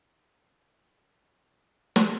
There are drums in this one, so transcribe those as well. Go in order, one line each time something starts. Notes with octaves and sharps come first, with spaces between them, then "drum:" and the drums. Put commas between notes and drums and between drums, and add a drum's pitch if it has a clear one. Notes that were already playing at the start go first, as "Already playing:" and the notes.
Already playing: F1 F2 C3
C#4
F#1 E2 B2 G3 C#4
D4
D#4
drum: snare